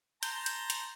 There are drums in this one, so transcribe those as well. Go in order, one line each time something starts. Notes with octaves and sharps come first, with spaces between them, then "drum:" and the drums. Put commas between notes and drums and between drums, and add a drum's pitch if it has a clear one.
A5 A#5 C6 G6, drum: hi-hat
drum: hi-hat
drum: hi-hat